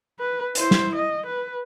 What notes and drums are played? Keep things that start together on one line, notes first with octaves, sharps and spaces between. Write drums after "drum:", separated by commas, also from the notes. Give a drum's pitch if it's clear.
B4
E4 C5, drum: hi-hat
drum: snare
D#5
B4